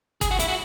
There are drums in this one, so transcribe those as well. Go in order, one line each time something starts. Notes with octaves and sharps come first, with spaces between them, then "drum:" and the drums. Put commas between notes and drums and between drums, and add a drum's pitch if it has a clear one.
G#4, drum: kick, hi-hat
F#4
E4, drum: hi-hat
F#4